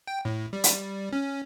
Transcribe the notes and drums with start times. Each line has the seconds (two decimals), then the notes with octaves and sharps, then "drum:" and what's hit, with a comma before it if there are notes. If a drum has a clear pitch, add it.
0.07 G5
0.25 A2
0.53 G3
0.64 drum: hi-hat
1.13 C#4